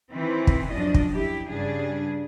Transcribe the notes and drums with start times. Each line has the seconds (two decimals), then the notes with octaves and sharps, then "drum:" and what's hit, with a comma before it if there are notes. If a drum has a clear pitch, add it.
0.11 D#3 E3 C4
0.47 drum: kick
0.71 F#2 F3 D4 D#5
0.94 drum: kick
1.13 E4 G4
1.49 G2 C#3 G3 D4 G#4